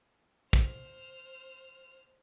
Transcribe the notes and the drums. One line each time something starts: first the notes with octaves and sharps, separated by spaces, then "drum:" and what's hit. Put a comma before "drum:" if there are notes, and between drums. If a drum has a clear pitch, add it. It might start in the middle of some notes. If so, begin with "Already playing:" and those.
C5 F6, drum: kick